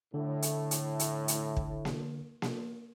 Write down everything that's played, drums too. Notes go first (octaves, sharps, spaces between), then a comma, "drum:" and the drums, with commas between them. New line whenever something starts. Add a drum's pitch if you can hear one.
A2 D3
drum: hi-hat
drum: hi-hat
drum: hi-hat
drum: hi-hat
drum: kick
drum: snare A#3
drum: snare A#3